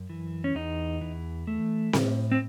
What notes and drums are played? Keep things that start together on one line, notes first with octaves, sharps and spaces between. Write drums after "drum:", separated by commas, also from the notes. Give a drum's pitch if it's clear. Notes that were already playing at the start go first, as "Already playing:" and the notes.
Already playing: F#2
E3
C#4
E2 D#4
E3
A3
A2, drum: snare C4
C4